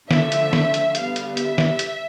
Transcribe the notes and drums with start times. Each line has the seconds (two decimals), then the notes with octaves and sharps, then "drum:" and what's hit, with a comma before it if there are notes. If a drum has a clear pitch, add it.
0.11 D3 F3 A3 E5, drum: snare
0.32 drum: hi-hat
0.53 drum: snare
0.74 drum: hi-hat
0.95 D3 G3 B3 F5, drum: hi-hat
1.16 drum: hi-hat
1.37 E5, drum: hi-hat
1.58 drum: snare
1.79 drum: hi-hat